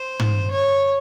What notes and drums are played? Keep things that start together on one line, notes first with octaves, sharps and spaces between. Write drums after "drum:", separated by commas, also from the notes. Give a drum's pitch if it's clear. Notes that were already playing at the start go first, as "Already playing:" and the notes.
Already playing: C5
drum: tom
C#5